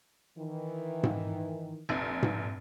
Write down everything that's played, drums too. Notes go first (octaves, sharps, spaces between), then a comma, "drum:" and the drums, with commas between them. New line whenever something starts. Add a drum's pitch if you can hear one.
D#3 E3
drum: tom G#2
F1 A#1
drum: tom G#2